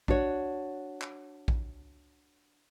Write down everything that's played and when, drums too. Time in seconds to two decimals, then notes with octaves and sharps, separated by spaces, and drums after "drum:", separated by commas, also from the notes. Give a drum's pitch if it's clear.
0.08 D4 F#4 C#5, drum: kick A#1
1.01 drum: clap
1.48 drum: kick A#1